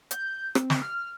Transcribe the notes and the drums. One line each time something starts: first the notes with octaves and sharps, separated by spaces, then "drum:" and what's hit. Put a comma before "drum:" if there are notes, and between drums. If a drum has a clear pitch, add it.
G6, drum: hi-hat
C4, drum: rim click
drum: snare
F6